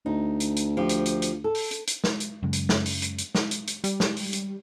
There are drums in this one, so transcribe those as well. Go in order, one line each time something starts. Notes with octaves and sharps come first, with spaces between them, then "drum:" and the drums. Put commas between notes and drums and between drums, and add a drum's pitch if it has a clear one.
D2 D#4
drum: hi-hat
drum: hi-hat
F3 G4
drum: hi-hat
drum: hi-hat
drum: hi-hat
A4
drum: open hi-hat
drum: hi-hat
drum: hi-hat
drum: snare
drum: hi-hat
F#2 C#3 G#3
drum: hi-hat
drum: snare
drum: open hi-hat
drum: hi-hat
drum: hi-hat
drum: snare
drum: hi-hat
drum: hi-hat
G3, drum: hi-hat
drum: snare
drum: open hi-hat
drum: hi-hat